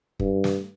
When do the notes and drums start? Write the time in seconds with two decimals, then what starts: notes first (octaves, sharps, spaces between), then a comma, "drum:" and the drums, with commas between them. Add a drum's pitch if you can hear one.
0.20 G2, drum: kick
0.44 drum: snare